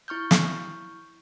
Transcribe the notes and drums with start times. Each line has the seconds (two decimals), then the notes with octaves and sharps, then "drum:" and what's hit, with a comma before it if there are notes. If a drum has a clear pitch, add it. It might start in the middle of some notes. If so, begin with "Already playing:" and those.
0.08 E4 C#6 F6 G6
0.31 drum: snare